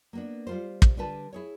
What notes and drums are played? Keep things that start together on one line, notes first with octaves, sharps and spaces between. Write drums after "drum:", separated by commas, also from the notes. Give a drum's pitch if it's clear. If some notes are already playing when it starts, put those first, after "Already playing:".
A#3 B3 D4
G3 F4 C5
drum: kick
D3 G3 B4 A5
E4 G#4 C#5